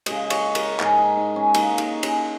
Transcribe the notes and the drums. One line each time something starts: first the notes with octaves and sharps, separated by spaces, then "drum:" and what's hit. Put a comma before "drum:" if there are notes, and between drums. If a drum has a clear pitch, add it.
C#3 G#3 D#5, drum: cymbal
C#5, drum: cymbal
A#4, drum: cymbal
G#2 G#3 G#4, drum: clap
D#4
D#4
C#4
C#3 A#3 D#4, drum: cymbal
D#4, drum: cymbal
C#4, drum: cymbal